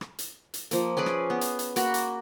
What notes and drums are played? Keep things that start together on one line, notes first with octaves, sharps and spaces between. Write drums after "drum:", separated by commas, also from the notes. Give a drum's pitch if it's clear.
drum: rim click
drum: hi-hat
drum: hi-hat
F3 A#3, drum: hi-hat
C#4 G#4 B4 D5
drum: rim click
B3
drum: hi-hat
drum: hi-hat
A#3 F#4 F#5 B5, drum: hi-hat
drum: hi-hat